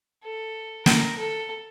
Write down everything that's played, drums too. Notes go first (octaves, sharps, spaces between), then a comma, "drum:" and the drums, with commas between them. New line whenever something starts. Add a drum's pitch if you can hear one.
A4
A#4, drum: snare
A4